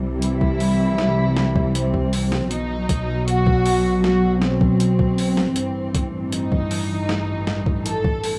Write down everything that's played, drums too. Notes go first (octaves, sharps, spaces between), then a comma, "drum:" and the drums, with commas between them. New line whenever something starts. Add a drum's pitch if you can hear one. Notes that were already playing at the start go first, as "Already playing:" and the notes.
Already playing: C2 C3 E3 G3
E4, drum: hi-hat
drum: kick C2
drum: open hi-hat
drum: snare
drum: snare
drum: kick C2
C4, drum: hi-hat
drum: kick C2
drum: open hi-hat
drum: snare
B1 B2 F#3 D#4, drum: hi-hat
drum: kick C2, hi-hat
F#4, drum: hi-hat
drum: kick C2
drum: open hi-hat
F#4, drum: snare
C4, drum: snare
drum: kick C2
drum: hi-hat
drum: kick C2
drum: open hi-hat
drum: snare
A1 G2 E3, drum: hi-hat
drum: kick C2, hi-hat
D#4, drum: hi-hat
drum: kick C2
drum: open hi-hat
drum: snare
drum: snare
drum: kick C2
A4, drum: hi-hat
drum: kick C2
drum: open hi-hat